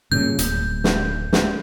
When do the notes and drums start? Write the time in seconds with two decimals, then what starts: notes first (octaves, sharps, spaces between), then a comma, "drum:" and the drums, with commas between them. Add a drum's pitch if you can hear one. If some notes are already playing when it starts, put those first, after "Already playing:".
0.12 G2 A#2 C#3 G6
0.39 D1, drum: hi-hat
0.84 drum: snare
1.33 drum: snare